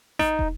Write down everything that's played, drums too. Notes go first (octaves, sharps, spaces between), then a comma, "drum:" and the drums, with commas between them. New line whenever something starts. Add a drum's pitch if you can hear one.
D#4, drum: snare A1
drum: kick